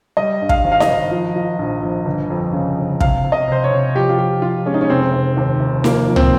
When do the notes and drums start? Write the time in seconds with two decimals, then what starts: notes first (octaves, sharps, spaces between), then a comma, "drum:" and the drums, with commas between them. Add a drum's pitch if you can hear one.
0.17 G3 D#5
0.41 G2
0.49 F5, drum: kick
0.64 G#1
0.72 F5
0.80 D#5, drum: snare D#4
0.88 G#1
1.11 F3
1.36 F3
1.59 A#1
1.83 A#1
2.06 G1
2.30 F2
2.53 C#3
2.78 G1
3.00 C3 F5, drum: kick
3.24 C3
3.32 D#5
3.48 C3 C5
3.64 C#5
3.72 C3
3.95 F3 G4
4.09 F4
4.19 F3 G4
4.42 F3 F4
4.66 G#3 C#4
4.74 D#4
4.81 C#4
4.90 F1 C4
5.13 F1
5.37 D#2
5.60 F1
5.84 F3 A#3, drum: snare D#4
6.08 F3
6.16 C4, drum: tom